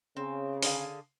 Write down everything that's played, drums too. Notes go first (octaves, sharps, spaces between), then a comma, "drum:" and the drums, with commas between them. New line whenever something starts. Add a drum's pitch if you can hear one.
C#3 C4
D3 G#4 F5, drum: open hi-hat